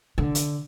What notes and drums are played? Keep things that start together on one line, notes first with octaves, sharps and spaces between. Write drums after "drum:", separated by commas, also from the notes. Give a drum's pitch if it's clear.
D3
drum: hi-hat